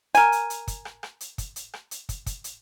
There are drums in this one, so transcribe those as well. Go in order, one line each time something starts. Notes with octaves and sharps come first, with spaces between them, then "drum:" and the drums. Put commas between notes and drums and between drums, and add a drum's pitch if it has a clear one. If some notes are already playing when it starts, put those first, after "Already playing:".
A#4 G#5, drum: hi-hat
drum: hi-hat
drum: hi-hat
drum: kick, hi-hat
drum: rim click
drum: rim click
drum: hi-hat
drum: kick, hi-hat
drum: hi-hat
drum: rim click
drum: hi-hat
drum: kick, hi-hat
drum: kick, hi-hat
drum: hi-hat